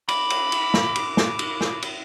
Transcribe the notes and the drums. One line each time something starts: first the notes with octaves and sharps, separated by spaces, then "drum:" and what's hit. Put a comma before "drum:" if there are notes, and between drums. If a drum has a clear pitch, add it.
B5 D6, drum: cymbal
drum: cymbal
drum: cymbal
drum: snare
drum: cymbal
drum: snare
drum: cymbal
drum: snare
drum: cymbal